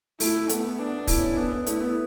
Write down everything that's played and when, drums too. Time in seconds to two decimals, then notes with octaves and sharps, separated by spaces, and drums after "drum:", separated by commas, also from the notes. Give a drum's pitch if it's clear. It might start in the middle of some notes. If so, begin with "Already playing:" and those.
0.20 A3 E4, drum: open hi-hat
0.49 A3 B3, drum: hi-hat
0.79 B3 D4
1.07 E4, drum: kick, open hi-hat
1.18 C#4
1.36 B3 D4
1.52 B3
1.66 A3 E4, drum: hi-hat
1.81 B3